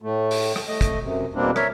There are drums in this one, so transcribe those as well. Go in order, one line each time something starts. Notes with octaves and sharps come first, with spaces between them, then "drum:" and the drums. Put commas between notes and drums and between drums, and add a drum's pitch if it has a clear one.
A2 A3
drum: open hi-hat
drum: rim click
A3 D#5
drum: kick, hi-hat
F#2 C3
E2 B2 G3 A#3 C4 D4
A#4 C#5 E5, drum: rim click